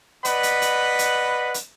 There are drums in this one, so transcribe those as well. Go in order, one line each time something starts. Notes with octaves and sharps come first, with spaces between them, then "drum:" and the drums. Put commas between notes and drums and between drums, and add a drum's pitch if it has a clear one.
B4 D5 D#5 F#5 B5, drum: hi-hat
drum: hi-hat
drum: hi-hat
drum: hi-hat
drum: hi-hat